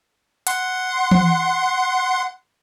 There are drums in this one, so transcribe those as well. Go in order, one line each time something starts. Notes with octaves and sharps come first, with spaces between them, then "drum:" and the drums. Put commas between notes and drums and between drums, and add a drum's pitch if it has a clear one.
F#5 C6, drum: hi-hat
drum: tom E3